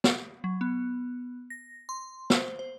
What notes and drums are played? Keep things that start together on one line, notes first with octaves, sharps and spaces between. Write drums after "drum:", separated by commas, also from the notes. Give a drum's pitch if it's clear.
drum: snare
F#3
B3
A#6
C6
C5, drum: snare
C5